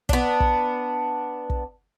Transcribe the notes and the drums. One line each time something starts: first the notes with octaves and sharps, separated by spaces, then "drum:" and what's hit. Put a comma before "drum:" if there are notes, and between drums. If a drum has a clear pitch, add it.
B3 D4, drum: kick
drum: kick
drum: kick